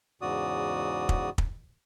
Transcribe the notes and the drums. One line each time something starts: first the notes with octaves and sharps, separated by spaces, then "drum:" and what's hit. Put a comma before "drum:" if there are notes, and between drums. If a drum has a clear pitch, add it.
E2 G#2 C#3 F#4 D5 D#6
drum: kick
drum: kick